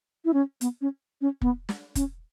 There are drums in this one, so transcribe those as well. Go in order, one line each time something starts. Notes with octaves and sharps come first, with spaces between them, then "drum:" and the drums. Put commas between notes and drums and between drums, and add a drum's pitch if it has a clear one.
E4
C#4
B3, drum: hi-hat
C#4
C#4
B3, drum: kick
drum: snare
C#4, drum: kick, hi-hat